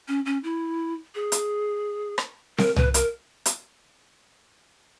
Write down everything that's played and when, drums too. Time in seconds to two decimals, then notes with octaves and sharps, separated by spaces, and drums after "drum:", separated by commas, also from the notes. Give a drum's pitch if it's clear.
0.08 C#4
0.26 C#4
0.44 E4
1.15 G#4
1.32 drum: hi-hat
2.18 drum: rim click
2.58 A#4, drum: snare C4
2.76 B4, drum: tom C2
2.94 A#4, drum: hi-hat
3.46 drum: hi-hat